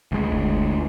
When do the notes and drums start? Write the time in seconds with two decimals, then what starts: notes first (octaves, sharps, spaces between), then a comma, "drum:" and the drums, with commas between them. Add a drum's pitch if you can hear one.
0.12 D2 G#3
0.32 drum: kick F#1